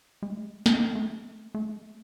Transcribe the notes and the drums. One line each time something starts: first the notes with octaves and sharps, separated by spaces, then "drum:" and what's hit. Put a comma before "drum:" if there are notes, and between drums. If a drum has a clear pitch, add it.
G#3
A3
G#3
drum: snare
A3
A3
G#3
A3